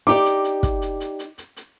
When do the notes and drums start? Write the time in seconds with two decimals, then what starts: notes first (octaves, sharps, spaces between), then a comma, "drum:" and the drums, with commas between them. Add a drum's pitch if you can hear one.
0.07 D#4 G4 D5 D6
0.25 drum: hi-hat
0.44 drum: hi-hat
0.63 drum: kick, hi-hat
0.82 drum: hi-hat
1.00 drum: hi-hat
1.19 drum: hi-hat
1.38 drum: hi-hat
1.57 drum: hi-hat